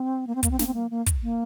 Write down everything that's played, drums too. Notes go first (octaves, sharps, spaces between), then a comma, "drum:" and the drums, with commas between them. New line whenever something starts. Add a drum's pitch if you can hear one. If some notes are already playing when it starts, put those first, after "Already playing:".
Already playing: C4
A#3
C4
A#3, drum: kick, hi-hat
C4
A#3, drum: snare
C4
A#3
A#3
drum: kick, hi-hat
A#3